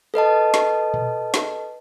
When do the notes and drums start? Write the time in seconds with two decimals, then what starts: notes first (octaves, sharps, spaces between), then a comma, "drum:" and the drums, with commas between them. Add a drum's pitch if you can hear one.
0.14 A4 B4 D#5 A5
0.54 drum: snare
0.94 drum: tom A#2
1.34 drum: snare